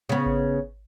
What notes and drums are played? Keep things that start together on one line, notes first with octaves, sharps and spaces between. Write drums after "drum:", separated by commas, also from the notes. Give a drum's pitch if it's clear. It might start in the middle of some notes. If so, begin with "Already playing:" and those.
C#3 B3
drum: kick G#1